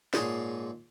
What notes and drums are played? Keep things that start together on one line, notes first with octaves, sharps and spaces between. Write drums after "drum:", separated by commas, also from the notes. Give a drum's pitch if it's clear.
A#1 G#2 G#4 C#5 D5 C6, drum: snare